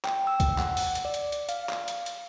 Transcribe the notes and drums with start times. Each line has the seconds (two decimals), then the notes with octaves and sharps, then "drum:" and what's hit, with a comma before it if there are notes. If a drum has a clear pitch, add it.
0.05 G5, drum: clap
0.27 E6
0.40 drum: kick, hi-hat
0.58 F#5, drum: clap
0.77 drum: open hi-hat
0.95 drum: hi-hat
1.05 D5
1.14 drum: hi-hat
1.32 drum: hi-hat
1.49 F5, drum: hi-hat
1.69 drum: clap
1.88 drum: hi-hat
2.06 drum: hi-hat